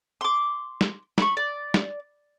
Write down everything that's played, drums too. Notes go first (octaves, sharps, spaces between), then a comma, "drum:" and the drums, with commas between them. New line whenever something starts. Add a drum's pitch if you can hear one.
C6 D6
drum: snare
B5 C#6, drum: snare
D5
drum: snare